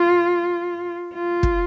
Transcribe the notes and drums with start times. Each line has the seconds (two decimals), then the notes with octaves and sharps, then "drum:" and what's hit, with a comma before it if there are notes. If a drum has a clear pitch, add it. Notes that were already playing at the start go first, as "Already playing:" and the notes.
Already playing: F4
1.14 F4
1.43 drum: kick